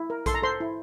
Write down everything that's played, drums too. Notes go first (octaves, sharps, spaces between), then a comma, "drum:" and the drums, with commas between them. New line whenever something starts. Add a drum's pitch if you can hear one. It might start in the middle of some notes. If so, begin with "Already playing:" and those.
Already playing: E4
A#4
A4 C6, drum: kick A#1, hi-hat
A#5
A4 C5 C6
E4